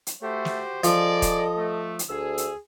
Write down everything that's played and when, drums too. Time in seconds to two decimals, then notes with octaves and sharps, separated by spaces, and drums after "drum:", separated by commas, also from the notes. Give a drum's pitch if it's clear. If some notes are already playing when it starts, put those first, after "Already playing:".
0.07 drum: hi-hat
0.23 A3 F#4 G4 C5
0.45 drum: snare
0.84 F3 G#4 A4 D5 D#5, drum: hi-hat
1.22 drum: kick D#1, hi-hat
1.57 A3
1.99 drum: hi-hat
2.10 D2 G#4 E6
2.38 drum: hi-hat